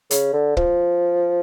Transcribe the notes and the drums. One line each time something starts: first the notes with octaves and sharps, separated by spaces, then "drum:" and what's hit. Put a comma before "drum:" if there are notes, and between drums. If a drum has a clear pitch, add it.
C#3, drum: hi-hat
D3
F3, drum: kick